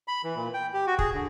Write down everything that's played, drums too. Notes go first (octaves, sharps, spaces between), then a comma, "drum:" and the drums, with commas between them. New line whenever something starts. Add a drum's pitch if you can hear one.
B5
E3
A#2
G5
G4
F#4
G#4, drum: kick
D3